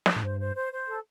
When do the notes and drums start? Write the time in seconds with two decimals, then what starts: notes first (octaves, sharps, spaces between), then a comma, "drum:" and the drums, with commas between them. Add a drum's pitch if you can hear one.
0.06 drum: snare
0.16 A2
0.23 G2 C5
0.39 C5
0.56 C5
0.72 C5
0.87 A4